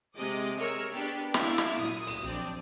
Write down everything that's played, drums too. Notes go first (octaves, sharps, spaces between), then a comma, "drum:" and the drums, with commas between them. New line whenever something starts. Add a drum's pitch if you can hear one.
C3 G#3 G#4 D#5 D6
G#4 A#4 C#5 C#6 E6
B3 D4 G4 B4
E4 D5 E5 F5, drum: snare
drum: snare
A#2 F#3 D#6
drum: open hi-hat
A#1 C4 D4 D5